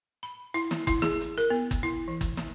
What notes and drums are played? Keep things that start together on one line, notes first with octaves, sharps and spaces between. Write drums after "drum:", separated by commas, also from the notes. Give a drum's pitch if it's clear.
B5
E4, drum: hi-hat
drum: snare
E4, drum: kick, hi-hat
G#4, drum: snare
drum: hi-hat
A#4, drum: hi-hat
B3
drum: kick, hi-hat
E4
E3
drum: kick, hi-hat
drum: snare